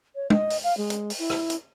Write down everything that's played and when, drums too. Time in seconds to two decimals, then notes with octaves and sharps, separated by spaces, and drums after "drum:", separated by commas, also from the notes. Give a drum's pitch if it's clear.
0.15 C#5
0.30 D#5, drum: tom
0.50 drum: open hi-hat
0.64 F5
0.77 G#3
0.90 drum: hi-hat
1.10 drum: open hi-hat
1.19 E4
1.30 drum: rim click
1.50 drum: hi-hat